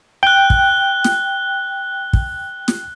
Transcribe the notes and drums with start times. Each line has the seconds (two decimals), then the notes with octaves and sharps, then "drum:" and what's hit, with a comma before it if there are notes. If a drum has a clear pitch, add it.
0.23 G5 F#6 G7
0.50 drum: kick
1.04 drum: snare
2.13 drum: kick
2.68 drum: snare